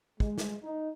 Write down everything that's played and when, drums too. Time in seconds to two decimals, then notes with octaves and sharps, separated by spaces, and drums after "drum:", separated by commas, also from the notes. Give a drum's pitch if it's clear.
0.20 G#3, drum: kick
0.38 drum: snare
0.63 D#4